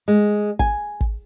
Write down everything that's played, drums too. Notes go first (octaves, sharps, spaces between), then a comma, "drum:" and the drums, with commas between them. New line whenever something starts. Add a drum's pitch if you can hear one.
G#3
G#5, drum: kick
drum: kick